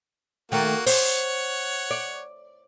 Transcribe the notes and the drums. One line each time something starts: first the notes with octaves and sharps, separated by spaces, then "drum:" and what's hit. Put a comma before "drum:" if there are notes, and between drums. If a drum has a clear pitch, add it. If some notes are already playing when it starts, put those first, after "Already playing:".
D#3 A3 A#3 F#4
C5 C#5 F#5, drum: open hi-hat
D5